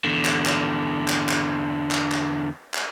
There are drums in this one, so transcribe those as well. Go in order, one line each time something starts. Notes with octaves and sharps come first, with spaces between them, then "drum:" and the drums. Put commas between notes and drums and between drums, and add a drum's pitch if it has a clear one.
E2 D3
drum: clap
drum: clap
drum: clap
drum: clap
drum: clap
drum: clap
drum: clap